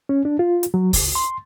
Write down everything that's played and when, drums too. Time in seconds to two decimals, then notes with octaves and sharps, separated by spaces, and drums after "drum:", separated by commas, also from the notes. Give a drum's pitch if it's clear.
0.09 C#4
0.25 D4
0.39 F4
0.63 drum: hi-hat
0.74 F#3
0.93 C#2, drum: kick, open hi-hat
1.15 C6